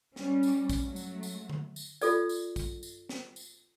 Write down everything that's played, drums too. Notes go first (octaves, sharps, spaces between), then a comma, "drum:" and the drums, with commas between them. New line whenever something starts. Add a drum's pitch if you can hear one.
G3 C#4, drum: snare
drum: tambourine
drum: kick, tambourine
F#3 A3
drum: tambourine
drum: tambourine
drum: tom D3
drum: tambourine
F4 A4 D5, drum: tambourine
drum: tambourine
drum: kick, tambourine
drum: tambourine
drum: snare
drum: tambourine